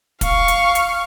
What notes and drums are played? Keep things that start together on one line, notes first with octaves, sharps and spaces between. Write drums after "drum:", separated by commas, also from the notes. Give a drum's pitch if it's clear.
F5 C#6, drum: kick, hi-hat
drum: hi-hat
drum: hi-hat